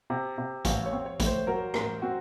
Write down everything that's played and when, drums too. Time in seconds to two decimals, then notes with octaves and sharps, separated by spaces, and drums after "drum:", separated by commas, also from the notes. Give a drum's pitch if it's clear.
0.10 C3
0.38 C3
0.65 A1 F5, drum: kick A1, hi-hat
0.86 C#5
0.93 C4
1.06 C#5
1.20 A2 C#5, drum: kick A1, hi-hat
1.26 C5
1.47 F#3 A#4
1.74 A1 A#4, drum: rim click
2.02 C4 F#4